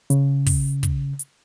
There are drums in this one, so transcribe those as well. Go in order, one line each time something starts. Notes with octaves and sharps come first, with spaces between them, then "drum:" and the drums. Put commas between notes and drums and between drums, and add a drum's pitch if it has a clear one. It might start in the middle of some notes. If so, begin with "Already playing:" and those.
C#3, drum: hi-hat
drum: kick, open hi-hat
drum: kick, hi-hat
drum: hi-hat